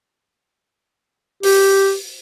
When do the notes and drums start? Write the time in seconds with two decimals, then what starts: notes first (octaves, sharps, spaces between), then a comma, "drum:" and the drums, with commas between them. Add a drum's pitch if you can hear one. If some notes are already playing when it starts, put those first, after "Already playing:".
1.43 G4, drum: open hi-hat